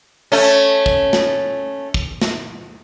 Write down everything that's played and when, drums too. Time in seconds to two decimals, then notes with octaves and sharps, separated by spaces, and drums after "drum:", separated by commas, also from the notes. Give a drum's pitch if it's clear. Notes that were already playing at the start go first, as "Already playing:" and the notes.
0.32 A3 C#4
0.86 drum: kick
1.13 drum: snare
1.94 drum: kick
2.21 drum: snare